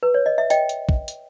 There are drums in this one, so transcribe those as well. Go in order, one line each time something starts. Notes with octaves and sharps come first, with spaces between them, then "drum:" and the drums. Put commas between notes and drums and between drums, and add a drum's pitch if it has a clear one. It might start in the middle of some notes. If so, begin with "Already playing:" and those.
B4
C#5
D#5
E5
D#5 G5, drum: hi-hat
drum: hi-hat
drum: kick
drum: hi-hat